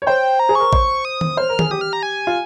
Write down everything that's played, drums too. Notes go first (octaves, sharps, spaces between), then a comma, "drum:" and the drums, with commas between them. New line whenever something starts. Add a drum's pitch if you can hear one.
C#5
C5 G5
A#5
G#4
A#4 C#6
C5, drum: kick A1
D#6
drum: tom D#3
C5 F6
A#4
G#4, drum: tom D#3
G4 D#6
F6
A#5
G#5
F4